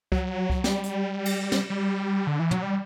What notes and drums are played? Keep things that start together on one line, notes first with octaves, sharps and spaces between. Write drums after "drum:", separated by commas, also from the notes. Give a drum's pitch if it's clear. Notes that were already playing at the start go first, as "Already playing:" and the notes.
F#3, drum: kick C#2
drum: kick C#2
G3, drum: snare
drum: hi-hat
drum: cymbal
drum: snare
G3
D3
E3
F#3, drum: tom
G3